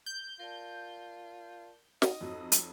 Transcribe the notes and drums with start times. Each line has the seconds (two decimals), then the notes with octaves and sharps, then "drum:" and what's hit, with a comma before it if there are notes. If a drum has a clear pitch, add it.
0.06 G6
0.40 F4 A#4 D5 A5
2.02 D#4 D#5, drum: snare
2.21 F2 F#3
2.52 drum: hi-hat